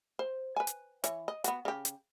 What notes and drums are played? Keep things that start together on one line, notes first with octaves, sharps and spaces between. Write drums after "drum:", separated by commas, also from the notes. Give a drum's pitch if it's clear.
C5
B4 G#5
drum: hi-hat
E3 C#5, drum: hi-hat
D#5
B3 F#4, drum: hi-hat
C#3 G4
drum: hi-hat